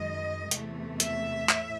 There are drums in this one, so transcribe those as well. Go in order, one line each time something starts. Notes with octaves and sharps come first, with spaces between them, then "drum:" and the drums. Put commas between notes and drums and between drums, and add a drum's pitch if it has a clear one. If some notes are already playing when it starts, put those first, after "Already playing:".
Already playing: F#2 D#3 G#3 D#5
E2 C3 E3 A3, drum: hi-hat
E5, drum: hi-hat
A2, drum: clap